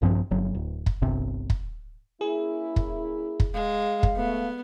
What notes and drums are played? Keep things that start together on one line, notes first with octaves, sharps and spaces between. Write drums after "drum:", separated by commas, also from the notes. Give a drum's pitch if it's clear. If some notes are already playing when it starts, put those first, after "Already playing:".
A#1 G2 F3 C4
G1 F#3
D1
drum: kick
G1 C2 C3
drum: kick
A#3 C#4 E4 G#4
drum: kick
drum: kick
G#3 F5
drum: kick
A3 B3